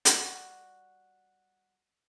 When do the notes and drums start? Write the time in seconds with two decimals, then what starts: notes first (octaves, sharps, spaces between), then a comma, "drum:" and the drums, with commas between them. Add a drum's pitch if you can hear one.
0.05 G3 F#4, drum: hi-hat